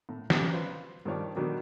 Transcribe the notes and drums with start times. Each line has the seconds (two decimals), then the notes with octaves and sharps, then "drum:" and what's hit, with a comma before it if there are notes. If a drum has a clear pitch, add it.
0.09 A2
0.30 F#3 G3 C4 C#4, drum: snare
0.53 F4 B4 C5
1.05 G2 D#3 F3 C#5 D5
1.35 B2 D#3 F#3 G3 D4 G4